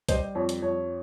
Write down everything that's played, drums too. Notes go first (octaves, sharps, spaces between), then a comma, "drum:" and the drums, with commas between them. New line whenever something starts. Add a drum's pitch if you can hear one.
G3 C5 D#5, drum: kick B1, hi-hat
F2 C#5
drum: hi-hat
F2 C#5